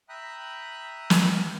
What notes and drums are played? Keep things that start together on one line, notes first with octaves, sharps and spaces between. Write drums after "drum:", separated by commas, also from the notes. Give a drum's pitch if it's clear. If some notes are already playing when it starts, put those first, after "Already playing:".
E5 G5 A#5 B5 D#6 F#6
drum: snare